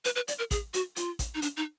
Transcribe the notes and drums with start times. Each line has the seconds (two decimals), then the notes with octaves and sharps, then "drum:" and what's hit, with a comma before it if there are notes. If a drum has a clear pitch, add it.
0.05 B4, drum: hi-hat
0.16 B4
0.28 D5, drum: hi-hat
0.39 A#4
0.51 G#4, drum: kick A1, hi-hat
0.74 F#4, drum: hi-hat
0.96 F4, drum: hi-hat
1.19 drum: kick A1, hi-hat
1.35 D#4
1.42 D4, drum: hi-hat
1.57 D#4